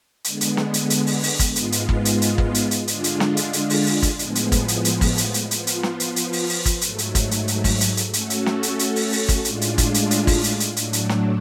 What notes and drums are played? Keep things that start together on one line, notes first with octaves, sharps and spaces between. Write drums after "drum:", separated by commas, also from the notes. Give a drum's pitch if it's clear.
D3 G#3 B3, drum: hi-hat
drum: hi-hat
drum: snare
drum: hi-hat
drum: hi-hat
drum: open hi-hat
drum: open hi-hat
drum: kick G#1, hi-hat
G#2 G#3 B3 F4, drum: hi-hat
drum: hi-hat
drum: kick G#1
drum: hi-hat
drum: hi-hat
drum: kick G#1
drum: hi-hat
drum: hi-hat
D3 G#3 D4 F4, drum: hi-hat
drum: hi-hat
drum: snare
drum: hi-hat
drum: hi-hat
drum: open hi-hat
drum: open hi-hat
drum: kick G#1, hi-hat
A2 F3 G#3 B3, drum: hi-hat
drum: hi-hat
drum: kick G#1, hi-hat
drum: hi-hat
drum: hi-hat
drum: kick G#1, open hi-hat
drum: hi-hat
drum: hi-hat
F3 B3 F4, drum: hi-hat
drum: hi-hat
drum: snare
drum: hi-hat
drum: hi-hat
drum: open hi-hat
drum: open hi-hat
drum: kick G#1, hi-hat
G#2 F#3 A3, drum: hi-hat
drum: hi-hat
drum: kick G#1, hi-hat
drum: hi-hat
drum: hi-hat
drum: kick G#1, open hi-hat
drum: hi-hat
drum: hi-hat
A3 C#4 F#4 A4, drum: hi-hat
drum: hi-hat
drum: snare
drum: hi-hat
drum: hi-hat
drum: open hi-hat
drum: open hi-hat
drum: kick G#1, hi-hat
A2 G#3 D4 F4, drum: hi-hat
drum: hi-hat
drum: kick G#1, hi-hat
drum: hi-hat
drum: hi-hat
drum: kick G#1, open hi-hat
drum: hi-hat
drum: hi-hat
A2 F#3 A3 D4, drum: hi-hat
drum: hi-hat
drum: snare